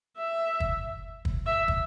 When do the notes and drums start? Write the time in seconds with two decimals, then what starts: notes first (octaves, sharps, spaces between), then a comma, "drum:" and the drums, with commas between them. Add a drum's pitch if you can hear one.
0.17 E5
0.60 drum: kick
1.25 drum: kick
1.46 E5
1.68 drum: kick